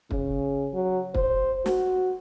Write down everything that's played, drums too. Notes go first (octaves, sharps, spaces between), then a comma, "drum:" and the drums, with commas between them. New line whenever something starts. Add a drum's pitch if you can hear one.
C#3, drum: kick
F#3
C5, drum: kick
F#4, drum: snare